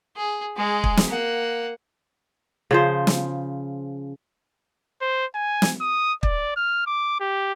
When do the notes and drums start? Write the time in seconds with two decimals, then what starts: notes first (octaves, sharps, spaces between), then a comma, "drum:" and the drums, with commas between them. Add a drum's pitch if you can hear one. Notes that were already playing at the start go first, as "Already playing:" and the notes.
0.16 G#4
0.56 G#3 G#4
0.84 drum: kick
0.97 drum: snare
1.07 A#3 F#5
2.71 C#3 F3 C5
3.07 drum: snare
5.01 C5
5.35 G#5
5.62 drum: snare
5.81 D#6
6.23 D5, drum: kick
6.56 F6
6.87 D6
7.20 G4